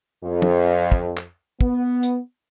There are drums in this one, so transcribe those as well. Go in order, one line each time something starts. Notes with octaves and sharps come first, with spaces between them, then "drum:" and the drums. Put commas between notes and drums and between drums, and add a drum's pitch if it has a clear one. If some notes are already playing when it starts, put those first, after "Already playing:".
F2
drum: tom
drum: kick
drum: clap
B3, drum: kick
drum: hi-hat